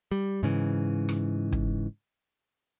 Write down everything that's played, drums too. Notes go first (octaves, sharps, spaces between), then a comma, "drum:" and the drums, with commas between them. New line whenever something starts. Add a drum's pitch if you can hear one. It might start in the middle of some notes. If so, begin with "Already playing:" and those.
G3
G#2 C#3 E3
drum: rim click
drum: kick